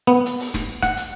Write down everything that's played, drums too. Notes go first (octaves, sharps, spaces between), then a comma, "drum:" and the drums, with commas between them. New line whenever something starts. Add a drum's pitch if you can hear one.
B3
drum: hi-hat
drum: open hi-hat
drum: snare
F#5, drum: snare
drum: hi-hat